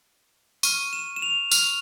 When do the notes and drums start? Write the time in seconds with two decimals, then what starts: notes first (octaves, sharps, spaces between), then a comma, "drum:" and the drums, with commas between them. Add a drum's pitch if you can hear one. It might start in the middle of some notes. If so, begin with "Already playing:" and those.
0.63 C#6 F6 D#7, drum: tambourine
0.93 E7
1.16 E7
1.22 F7
1.51 C#6 F6 F7, drum: tambourine